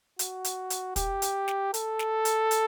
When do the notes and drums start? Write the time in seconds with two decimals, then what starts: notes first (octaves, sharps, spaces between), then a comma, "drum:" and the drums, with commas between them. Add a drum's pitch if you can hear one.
0.19 F#4, drum: hi-hat
0.44 drum: hi-hat
0.70 drum: hi-hat
0.96 G4, drum: kick, hi-hat
1.22 drum: hi-hat
1.48 drum: snare
1.74 A4, drum: hi-hat
1.99 drum: snare
2.25 drum: hi-hat
2.51 drum: hi-hat